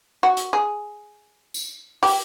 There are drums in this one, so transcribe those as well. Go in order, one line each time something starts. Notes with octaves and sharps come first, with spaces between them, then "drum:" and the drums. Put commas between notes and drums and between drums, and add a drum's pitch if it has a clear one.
F#4
drum: hi-hat
G#4
drum: tambourine
G4, drum: open hi-hat